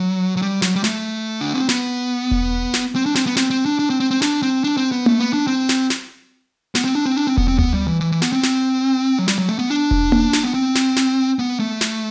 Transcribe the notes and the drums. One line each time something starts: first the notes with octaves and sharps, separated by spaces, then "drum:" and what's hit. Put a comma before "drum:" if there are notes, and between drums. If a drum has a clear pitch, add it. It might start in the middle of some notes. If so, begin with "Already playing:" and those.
Already playing: F#3
F#3
G3
F#3, drum: snare
G3
A3, drum: snare
D4
C4
B3, drum: snare
drum: kick E1
drum: snare
C4
D4
C4, drum: snare
B3
C4, drum: snare
C4
D4
D4
C4
C4
C4
D4, drum: snare
C4
D4
C4
B3
A3, drum: tom A#3
B3
D4
C4
drum: snare
drum: snare
B3, drum: snare
C4
D4
C4
D4
C4
B3, drum: kick E1
C4
B3, drum: tom D2
G3
E3
E3
E3
B3, drum: snare
C4
drum: snare
F#3
G3, drum: snare
F#3
A3
B3
D4
drum: kick E1
drum: tom A#3
drum: snare
B3
C4
drum: snare
drum: snare
B3
A3
drum: snare